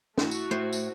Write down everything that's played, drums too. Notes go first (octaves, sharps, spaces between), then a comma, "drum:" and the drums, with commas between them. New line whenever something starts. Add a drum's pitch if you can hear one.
A3 E4 F#4, drum: snare
drum: tambourine
A2 C5
drum: tambourine